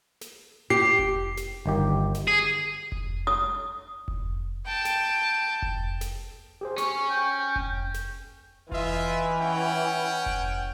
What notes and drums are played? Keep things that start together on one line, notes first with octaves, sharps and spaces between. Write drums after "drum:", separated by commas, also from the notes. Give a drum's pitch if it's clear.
drum: snare
G4 C7
drum: kick F1
drum: snare
G1 D#3 G4
drum: snare
G#4
drum: kick F1
D#6
drum: kick F1
G5 A5
drum: snare
drum: kick F1
drum: snare
G4 G#4 C5
C#4 C#6, drum: snare
G5
drum: kick F1
drum: snare
E3 F4 D#5 E5, drum: kick F1
C#4 F#5 G5
drum: kick F1